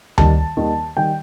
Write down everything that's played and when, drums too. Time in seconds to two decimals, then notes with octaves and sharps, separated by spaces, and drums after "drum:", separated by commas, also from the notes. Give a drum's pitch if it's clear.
0.18 D#2 D#3 G3 A5, drum: tom D2
0.57 D#2 D#3 G3
0.97 D#3 G3 G5